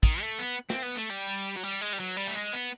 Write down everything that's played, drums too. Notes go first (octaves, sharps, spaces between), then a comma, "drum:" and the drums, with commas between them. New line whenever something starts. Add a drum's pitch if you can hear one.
D#3, drum: kick
A3
B3, drum: tambourine
C4, drum: snare
B3
A3
G3
F#3
G3
G#3
G3, drum: cymbal
F#3
G3
A3, drum: tambourine
G#3
B3